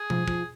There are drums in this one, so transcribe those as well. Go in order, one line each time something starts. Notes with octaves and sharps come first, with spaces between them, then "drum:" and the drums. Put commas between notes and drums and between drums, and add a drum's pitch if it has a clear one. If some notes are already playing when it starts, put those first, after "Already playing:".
Already playing: G#4
F3, drum: tom B2
F3, drum: kick